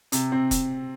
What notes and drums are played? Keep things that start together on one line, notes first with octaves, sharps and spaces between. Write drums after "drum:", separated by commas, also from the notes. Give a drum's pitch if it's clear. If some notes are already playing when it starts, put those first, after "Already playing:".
C3, drum: hi-hat
C4
drum: kick E1, hi-hat